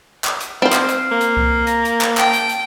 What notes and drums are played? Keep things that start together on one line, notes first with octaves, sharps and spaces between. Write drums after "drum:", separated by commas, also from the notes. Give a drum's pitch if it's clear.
drum: clap
drum: hi-hat
C4 C5 F5
drum: clap
drum: hi-hat
A#3
drum: hi-hat
drum: kick C2
A#5, drum: hi-hat
drum: hi-hat
drum: clap
G5 A5, drum: clap
drum: hi-hat
drum: hi-hat